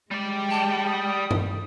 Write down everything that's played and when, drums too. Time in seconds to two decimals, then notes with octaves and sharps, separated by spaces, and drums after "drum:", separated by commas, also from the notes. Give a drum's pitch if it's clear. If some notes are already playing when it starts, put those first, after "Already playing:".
0.11 G3 G#3 D5 G5
0.51 A5
0.86 D#6
1.31 drum: tom G2